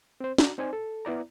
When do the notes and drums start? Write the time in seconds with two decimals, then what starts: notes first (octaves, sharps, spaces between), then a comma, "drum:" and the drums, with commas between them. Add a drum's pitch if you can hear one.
0.20 C4 C5
0.38 D4 F#4 A#5, drum: snare
0.58 C4 D#4 C5 D5 G#5
0.73 A4
1.05 B3 E4 D5 A#5